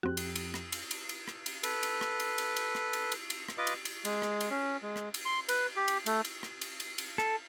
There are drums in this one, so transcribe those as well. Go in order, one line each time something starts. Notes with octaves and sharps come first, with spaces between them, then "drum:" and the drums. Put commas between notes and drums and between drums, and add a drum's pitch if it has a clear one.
F2 C4 F#4 G4 F#6
drum: cymbal
drum: cymbal
drum: rim click
drum: cymbal
drum: cymbal
drum: cymbal
drum: rim click
drum: cymbal
A4 B4, drum: cymbal
drum: cymbal
drum: rim click
drum: cymbal
drum: cymbal
drum: cymbal
drum: rim click
drum: cymbal
drum: cymbal
drum: cymbal
drum: rim click
F4 B4 D#5 D6
drum: cymbal
drum: cymbal
G#3, drum: cymbal
drum: rim click
drum: cymbal
C#4
G#3
drum: rim click
drum: cymbal
C6
B4, drum: cymbal
G4
drum: cymbal
A3, drum: cymbal
drum: cymbal
drum: rim click
drum: cymbal
drum: cymbal
drum: cymbal
A4, drum: rim click